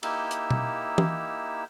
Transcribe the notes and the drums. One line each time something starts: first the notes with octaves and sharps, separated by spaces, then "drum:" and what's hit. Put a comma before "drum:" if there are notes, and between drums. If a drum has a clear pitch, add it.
A#3 D#4 E4 G4 E6, drum: cymbal
drum: hi-hat
drum: tom B2
drum: tom